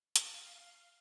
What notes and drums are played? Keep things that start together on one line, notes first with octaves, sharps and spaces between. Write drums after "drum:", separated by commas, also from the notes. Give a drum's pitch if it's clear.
F5, drum: hi-hat